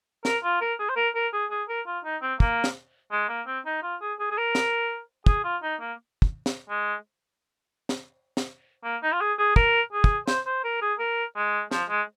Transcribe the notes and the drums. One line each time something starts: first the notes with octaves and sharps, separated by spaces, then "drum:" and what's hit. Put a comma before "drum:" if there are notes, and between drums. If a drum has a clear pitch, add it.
A#4, drum: snare
F4
A#4
G#4
C5
A#4
A#4
G#4
G#4
A#4
F4
D#4
C4
A#3, drum: kick
drum: snare
G#3
A#3
C4
D#4
F4
G#4
G#4
G#4
A#4
drum: snare
G#4, drum: kick
F4
D#4
A#3
drum: kick
drum: snare
G#3
drum: snare
drum: snare
A#3
D#4
F4
G#4
G#4
A#4, drum: kick
G#4
drum: kick
C5, drum: snare
C5
A#4
G#4
A#4
G#3
F3, drum: snare
G#3